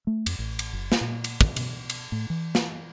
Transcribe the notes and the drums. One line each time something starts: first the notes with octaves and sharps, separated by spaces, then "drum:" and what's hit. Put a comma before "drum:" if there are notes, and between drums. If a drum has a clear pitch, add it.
A3
F2, drum: cymbal
A1
drum: cymbal
F#1
drum: snare
A#2
drum: cymbal
drum: kick
B2, drum: cymbal
drum: cymbal
A2
E3
drum: snare